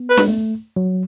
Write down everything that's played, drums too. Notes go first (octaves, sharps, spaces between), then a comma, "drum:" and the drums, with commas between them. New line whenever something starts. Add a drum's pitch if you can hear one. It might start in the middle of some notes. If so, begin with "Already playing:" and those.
Already playing: B3
B4
G#3, drum: snare
A3
F#3